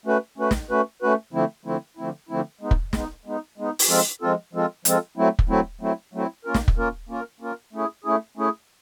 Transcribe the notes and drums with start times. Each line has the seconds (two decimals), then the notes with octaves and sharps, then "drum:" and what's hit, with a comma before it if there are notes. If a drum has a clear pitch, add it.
0.06 A3 C#4 F#4 B4
0.38 A3 C#4 F#4 B4
0.51 drum: snare
0.70 A3 C#4 F#4 B4
1.02 A3 C#4 F#4 B4
1.33 D3 F3 A3 C4 E4
1.65 D3 F3 A3 C4 E4
1.97 D3 F3 A3 C4 E4
2.29 D3 F3 A3 C4 E4
2.61 G#3 B3 D#4
2.71 drum: kick
2.93 G#3 B3 D#4, drum: snare
3.25 G#3 B3 D#4
3.58 G#3 B3 D#4
3.79 drum: open hi-hat
3.89 F3 G#3 C4 F4 A4
4.21 F3 G#3 C4 F4 A4
4.53 F3 G#3 C4 F4 A4
4.85 F3 G#3 C4 F4 A4, drum: hi-hat
5.17 F#3 A3 C4 E4
5.39 drum: kick
5.49 F#3 A3 C4 E4
5.81 F#3 A3 C4 E4
6.14 F#3 A3 C4 E4
6.45 A#3 C#4 F4 A#4
6.54 drum: snare
6.68 drum: kick
6.77 A#3 C#4 F4 A#4
7.09 A#3 C#4 F4 A#4
7.40 A#3 C#4 F4 A#4
7.73 A3 C#4 E4 G#4
8.04 A3 C#4 E4 G#4
8.37 A3 C#4 E4 G#4